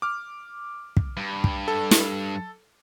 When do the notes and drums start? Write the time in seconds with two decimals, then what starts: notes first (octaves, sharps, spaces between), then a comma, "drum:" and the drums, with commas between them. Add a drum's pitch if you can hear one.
0.02 D6 F6
0.97 drum: kick
1.17 G2
1.44 drum: kick
1.68 A4
1.91 drum: snare